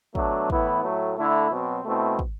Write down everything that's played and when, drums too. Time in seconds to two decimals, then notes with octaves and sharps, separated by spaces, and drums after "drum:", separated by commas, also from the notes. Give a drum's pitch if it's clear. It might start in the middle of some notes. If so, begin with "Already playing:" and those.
0.15 B2 F#3 A3 D4, drum: kick
0.50 A2 E3 B3 E4, drum: kick
0.83 A2 F#3 A3
1.17 D3 A3 E4
1.51 B2 F#3 C4
1.85 B2 A3 C4 E4
2.19 drum: kick